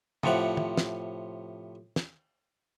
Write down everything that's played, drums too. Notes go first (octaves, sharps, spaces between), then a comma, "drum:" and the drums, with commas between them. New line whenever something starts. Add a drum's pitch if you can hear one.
A2 C3 F3 F#5, drum: tom
drum: tom
drum: snare
drum: snare